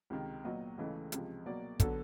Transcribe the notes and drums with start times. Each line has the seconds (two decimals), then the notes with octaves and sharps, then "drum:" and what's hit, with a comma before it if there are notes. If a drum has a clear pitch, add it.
0.10 C#2 C3 D#3
0.44 A#2 F#3 B3 D#5
0.78 C#2 C#3 E3 A3 D#5
1.12 C#2 C3 F3, drum: hi-hat
1.46 B2 F#3 A#3 D5
1.80 D3 F#3 B3 A4, drum: kick, hi-hat